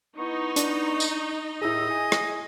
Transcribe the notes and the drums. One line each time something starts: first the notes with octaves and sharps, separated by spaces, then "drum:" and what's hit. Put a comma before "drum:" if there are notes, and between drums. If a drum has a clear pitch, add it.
B3 D#4 E4 C#6
D4, drum: hi-hat
drum: tambourine
D#2 A2 E4 G#4 D#5 E6
G#5
drum: rim click